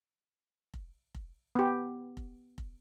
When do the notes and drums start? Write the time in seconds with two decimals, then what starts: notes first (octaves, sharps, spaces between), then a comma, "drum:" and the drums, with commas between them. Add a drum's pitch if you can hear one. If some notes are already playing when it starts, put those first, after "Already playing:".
0.74 drum: kick F1
1.15 drum: kick F1
1.55 B3 G4
2.17 drum: kick F1
2.58 drum: kick F1